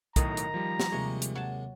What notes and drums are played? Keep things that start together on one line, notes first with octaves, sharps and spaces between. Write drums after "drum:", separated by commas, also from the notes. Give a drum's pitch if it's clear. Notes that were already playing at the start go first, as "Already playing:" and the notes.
B1 A2 D#3 A#5 D#6, drum: kick, hi-hat
drum: hi-hat
F3 G3
drum: snare
D#2 C3 G#3 C#5
drum: hi-hat
F#3 A5